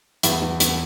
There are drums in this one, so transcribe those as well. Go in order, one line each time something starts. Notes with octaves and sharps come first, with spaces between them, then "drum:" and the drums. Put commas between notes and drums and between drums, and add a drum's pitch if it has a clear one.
E2 E4 E5, drum: hi-hat
E2
E2, drum: hi-hat